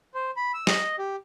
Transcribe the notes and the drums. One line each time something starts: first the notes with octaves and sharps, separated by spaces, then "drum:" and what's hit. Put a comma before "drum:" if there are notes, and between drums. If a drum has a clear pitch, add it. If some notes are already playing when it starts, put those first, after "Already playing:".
C5
B5
E6
D#5, drum: snare
G4